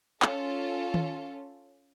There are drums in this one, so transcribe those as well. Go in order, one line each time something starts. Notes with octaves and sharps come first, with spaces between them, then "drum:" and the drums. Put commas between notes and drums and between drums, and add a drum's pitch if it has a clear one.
C#4 F4 A4, drum: clap
drum: tom D#3